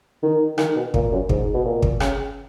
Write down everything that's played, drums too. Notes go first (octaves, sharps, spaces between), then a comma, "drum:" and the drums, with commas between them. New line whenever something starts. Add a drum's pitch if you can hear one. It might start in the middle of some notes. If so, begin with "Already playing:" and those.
D#3
D#3, drum: rim click
B2
A#2, drum: kick
F#2
G#2, drum: kick
B2
A#2
drum: kick
C#3, drum: rim click